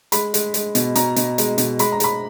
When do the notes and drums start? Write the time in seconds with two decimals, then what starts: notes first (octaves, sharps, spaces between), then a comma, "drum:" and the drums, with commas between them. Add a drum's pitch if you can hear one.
0.12 G#3 B5, drum: hi-hat
0.34 G#3, drum: hi-hat
0.54 G#3, drum: hi-hat
0.75 B2, drum: hi-hat
0.96 B2 A#5, drum: hi-hat
1.16 B2, drum: hi-hat
1.38 G#3, drum: hi-hat
1.58 B2, drum: hi-hat
1.79 G#3 B5, drum: hi-hat
1.92 A#5
2.00 G#3 B5, drum: hi-hat